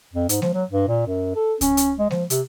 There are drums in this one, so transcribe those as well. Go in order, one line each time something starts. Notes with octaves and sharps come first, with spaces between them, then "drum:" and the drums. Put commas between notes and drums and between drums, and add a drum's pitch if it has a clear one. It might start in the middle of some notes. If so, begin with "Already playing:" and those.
F2
G#2, drum: hi-hat
F3, drum: snare G#3
F#3
G2
A#2
F#2
A4
C#4, drum: kick C#2, hi-hat
drum: hi-hat
G#3
F3, drum: snare G#3
C3, drum: hi-hat